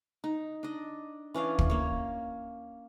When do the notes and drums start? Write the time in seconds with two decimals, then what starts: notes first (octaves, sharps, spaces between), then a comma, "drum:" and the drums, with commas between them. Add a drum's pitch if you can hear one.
0.24 D#4
0.63 D4 D#5
1.34 E3 C#4 D4 F5
1.59 drum: kick
1.70 A#3 C#5